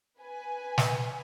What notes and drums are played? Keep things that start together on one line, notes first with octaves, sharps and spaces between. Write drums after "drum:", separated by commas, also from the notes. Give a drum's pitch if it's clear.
B4 G#5
drum: snare